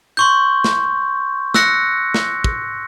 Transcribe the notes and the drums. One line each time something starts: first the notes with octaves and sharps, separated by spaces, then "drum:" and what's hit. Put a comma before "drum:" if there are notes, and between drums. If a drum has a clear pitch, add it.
C6 C#6 G6
drum: snare
E6 F#6 A#6 C#7, drum: snare
drum: snare
drum: kick